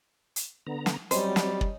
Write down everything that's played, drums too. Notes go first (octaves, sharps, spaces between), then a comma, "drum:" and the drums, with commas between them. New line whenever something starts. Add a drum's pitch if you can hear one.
drum: hi-hat
D3 B3 A#5
drum: snare
F#3 G3 C4 C#4 D#4 C5 G#5, drum: hi-hat
drum: snare
drum: kick